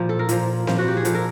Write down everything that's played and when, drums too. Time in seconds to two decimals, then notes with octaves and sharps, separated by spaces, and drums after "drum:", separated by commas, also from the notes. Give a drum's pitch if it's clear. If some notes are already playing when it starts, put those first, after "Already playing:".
Already playing: A#2 F3
0.09 A4
0.19 A#4
0.29 A#2 F3, drum: hi-hat
0.67 A#2 F3, drum: snare C4
0.78 F#4
0.88 G4
0.97 G#4
1.05 A#2 F3 A4, drum: hi-hat
1.15 A#4